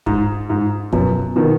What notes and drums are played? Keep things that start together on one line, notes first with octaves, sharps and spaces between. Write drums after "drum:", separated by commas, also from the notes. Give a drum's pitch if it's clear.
G#2, drum: kick
G#2
F#2 B2, drum: kick
B2 D#3